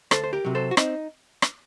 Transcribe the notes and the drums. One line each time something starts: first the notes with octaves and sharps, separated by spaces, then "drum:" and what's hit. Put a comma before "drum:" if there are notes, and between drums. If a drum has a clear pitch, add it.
D2 A4 C5, drum: rim click
C5
G4 A#4
C3 F#3
A4 C5
F#4
C4 D#4, drum: rim click
drum: rim click